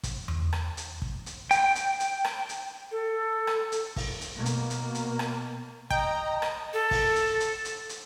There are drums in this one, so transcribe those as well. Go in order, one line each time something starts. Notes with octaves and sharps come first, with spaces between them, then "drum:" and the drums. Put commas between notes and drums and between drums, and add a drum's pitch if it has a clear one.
drum: kick, hi-hat
drum: tom E2
drum: rim click
drum: hi-hat
drum: kick
drum: hi-hat
G5, drum: hi-hat
drum: hi-hat
drum: hi-hat
drum: rim click
drum: hi-hat
A4
drum: rim click
drum: hi-hat
drum: kick, open hi-hat
drum: hi-hat
B2 A#3
drum: hi-hat
drum: hi-hat
drum: hi-hat
drum: rim click
D#5 G5 A#5, drum: kick
drum: rim click
A4
drum: kick, open hi-hat
drum: hi-hat
drum: hi-hat
drum: hi-hat
drum: hi-hat